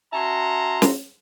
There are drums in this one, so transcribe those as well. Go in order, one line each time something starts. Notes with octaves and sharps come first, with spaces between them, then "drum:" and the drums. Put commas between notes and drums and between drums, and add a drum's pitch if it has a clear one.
C#4 F#4 E5 A5 A#5 C6
drum: snare